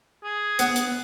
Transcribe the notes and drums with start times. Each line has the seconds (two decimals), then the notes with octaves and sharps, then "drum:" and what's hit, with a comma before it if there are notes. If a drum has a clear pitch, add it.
0.24 G#4
0.59 B3, drum: hi-hat
0.76 drum: hi-hat